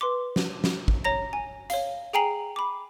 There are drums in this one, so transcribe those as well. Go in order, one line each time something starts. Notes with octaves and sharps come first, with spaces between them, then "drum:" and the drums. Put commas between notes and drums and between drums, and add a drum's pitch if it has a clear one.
B4 C6 D6
drum: snare
drum: snare
drum: kick
C#5 A#5 A#6
G#5
C#5 F5, drum: hi-hat
G#4 G5 G#5 A#5 C7 F#7
B5 D6